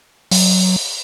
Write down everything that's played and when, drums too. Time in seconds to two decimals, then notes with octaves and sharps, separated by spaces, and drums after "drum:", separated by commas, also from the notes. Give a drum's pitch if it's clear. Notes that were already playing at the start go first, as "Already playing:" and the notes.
0.32 F#3, drum: open hi-hat